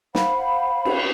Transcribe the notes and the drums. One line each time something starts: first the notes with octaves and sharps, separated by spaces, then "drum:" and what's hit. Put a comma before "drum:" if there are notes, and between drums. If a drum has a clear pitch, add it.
C5 F5 F#5 B5, drum: snare
drum: cymbal